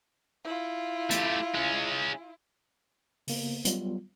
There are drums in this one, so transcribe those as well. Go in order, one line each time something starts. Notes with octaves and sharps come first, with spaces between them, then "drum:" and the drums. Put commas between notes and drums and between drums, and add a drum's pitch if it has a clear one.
E4 F4
A3 G4, drum: hi-hat
G#3 C#4
C#3 A#3 B3, drum: open hi-hat
F#3 G3 B3 F4, drum: hi-hat